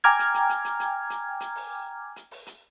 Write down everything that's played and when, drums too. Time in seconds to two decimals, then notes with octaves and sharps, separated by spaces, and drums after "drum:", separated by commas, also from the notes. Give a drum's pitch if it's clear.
0.04 G5 G#5 A#5 D6 F6 G#6, drum: hi-hat
0.19 drum: hi-hat
0.34 drum: hi-hat
0.49 drum: hi-hat
0.65 drum: hi-hat
0.80 drum: hi-hat
1.10 drum: hi-hat
1.40 drum: hi-hat
1.55 drum: open hi-hat
2.16 drum: hi-hat
2.31 drum: open hi-hat
2.46 drum: hi-hat